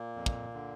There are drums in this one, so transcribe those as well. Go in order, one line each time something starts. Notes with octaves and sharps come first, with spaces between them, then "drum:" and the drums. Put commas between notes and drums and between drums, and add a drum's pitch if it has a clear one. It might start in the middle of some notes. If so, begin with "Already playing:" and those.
Already playing: A#2 A#3
F2
drum: kick
D3